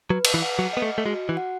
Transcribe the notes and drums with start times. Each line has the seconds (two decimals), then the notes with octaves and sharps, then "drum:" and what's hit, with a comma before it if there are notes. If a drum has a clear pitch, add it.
0.10 F#3 B4
0.25 drum: cymbal
0.34 E3
0.42 F#5
0.59 F#3
0.73 B3 D#5
0.82 A3
0.98 A3
1.06 G#3 F#4
1.29 E3
1.37 F#5